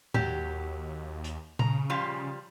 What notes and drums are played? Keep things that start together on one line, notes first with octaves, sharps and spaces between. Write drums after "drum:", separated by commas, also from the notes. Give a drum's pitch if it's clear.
D#2 F#3 G4, drum: tom A2
drum: hi-hat
C#3 A#5, drum: tom A#2
F3 G3 F4